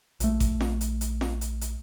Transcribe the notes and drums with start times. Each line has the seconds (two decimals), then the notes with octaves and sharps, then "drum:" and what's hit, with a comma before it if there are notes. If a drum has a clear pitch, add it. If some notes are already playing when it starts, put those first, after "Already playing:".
0.20 A#1 A3, drum: hi-hat
0.40 drum: kick G#1, hi-hat
0.61 drum: snare
0.81 drum: hi-hat
1.01 drum: hi-hat
1.21 drum: snare
1.41 drum: hi-hat
1.61 drum: hi-hat